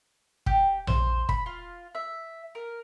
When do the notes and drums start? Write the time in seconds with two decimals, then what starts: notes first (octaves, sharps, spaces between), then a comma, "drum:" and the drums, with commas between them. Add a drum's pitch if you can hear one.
0.46 G4, drum: kick
0.87 C5, drum: tom A#1
1.29 B5, drum: kick
1.46 F4
1.95 E5
2.55 A#4